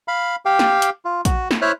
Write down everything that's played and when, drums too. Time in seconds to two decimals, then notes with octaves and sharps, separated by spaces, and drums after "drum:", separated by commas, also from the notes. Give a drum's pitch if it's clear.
0.08 F5 B5
0.45 G4 F5 G5
0.59 drum: snare
0.82 drum: hi-hat
1.05 F4
1.25 F#4, drum: kick, hi-hat
1.51 drum: snare
1.62 E4 C5 C#5 E5 F6 F#6